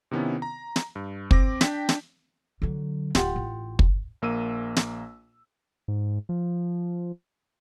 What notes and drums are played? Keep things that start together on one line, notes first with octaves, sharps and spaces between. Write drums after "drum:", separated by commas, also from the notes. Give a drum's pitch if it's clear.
C3 D#3 B3 C#4 E4
A#5
drum: snare
G2
C4 D6 A#6, drum: kick
D4 G5 B6, drum: snare
drum: snare
D3 F#3
D1 F4 G4 F#5, drum: snare
A1
drum: kick
A#1 A#3 E6 D#7
drum: snare
G#2
F3